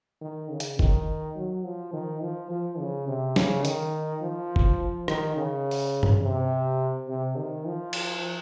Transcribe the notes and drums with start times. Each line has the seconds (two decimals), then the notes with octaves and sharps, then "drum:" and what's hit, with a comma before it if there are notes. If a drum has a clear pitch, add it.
0.21 D#3
0.50 C#3
0.60 drum: hi-hat
0.79 D#3, drum: kick
1.36 F#3
1.65 F3
1.93 D#3
2.22 F3
2.51 F3
2.79 C#3
3.08 C3
3.36 C#3, drum: snare
3.65 D#3, drum: hi-hat
4.22 F3
4.56 drum: kick
5.08 D#3, drum: rim click
5.37 C#3
5.71 drum: open hi-hat
6.03 drum: tom G2
6.23 C3
7.08 C3
7.37 D#3
7.66 F3
7.93 drum: cymbal